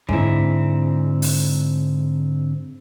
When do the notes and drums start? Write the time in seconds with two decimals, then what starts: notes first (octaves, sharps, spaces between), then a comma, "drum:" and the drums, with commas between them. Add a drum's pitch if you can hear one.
0.09 G#2 D3 C4 E4, drum: kick
1.22 drum: open hi-hat